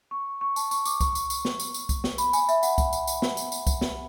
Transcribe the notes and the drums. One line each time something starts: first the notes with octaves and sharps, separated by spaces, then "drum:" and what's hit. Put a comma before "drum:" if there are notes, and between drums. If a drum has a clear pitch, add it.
C#6
C#6
A5, drum: tambourine
C#6, drum: tambourine
D6, drum: tambourine
C#6, drum: kick C2, tambourine
drum: tambourine
drum: tambourine
drum: snare
drum: tambourine
drum: tambourine
drum: kick C2, tambourine
drum: snare
B5, drum: tambourine
G#5, drum: tambourine
E5, drum: tambourine
F#5, drum: tambourine
drum: kick C2, tambourine
drum: tambourine
drum: tambourine
drum: snare
drum: tambourine
drum: tambourine
drum: kick C2, tambourine
drum: snare